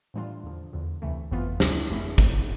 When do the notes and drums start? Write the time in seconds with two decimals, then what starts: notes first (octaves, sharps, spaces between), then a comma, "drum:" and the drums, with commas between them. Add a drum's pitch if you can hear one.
0.14 A2 E3 G3 D4 F4
0.44 E2 D3 F3
0.73 E2 D3 F3
1.02 D2 C3 E3 A3
1.31 G1 F2 E3 B3 F4
1.60 D2 C3 G3 D4, drum: snare
1.89 G1 F2 E3 A3 E4
2.18 B2 A3 C4, drum: kick